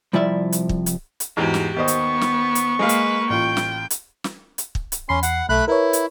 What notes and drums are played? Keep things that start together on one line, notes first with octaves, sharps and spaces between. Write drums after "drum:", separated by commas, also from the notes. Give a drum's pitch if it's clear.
C2 F3 G3 E4 D5 E5
drum: hi-hat
drum: kick
drum: hi-hat
drum: hi-hat
E2 G#2 F#4 G4
drum: snare
D#2 B3 C5 D#5 C#6
drum: hi-hat
drum: snare
drum: hi-hat
G#3 A#3 B4 F5
drum: hi-hat
A1 F4 G5
drum: snare
drum: hi-hat
drum: snare
drum: hi-hat
drum: kick
drum: hi-hat
E2 C#4 B5 C6 C7
F#5, drum: hi-hat
B1 A3 B5 F#6
E4 A#4 B4 C#5
drum: hi-hat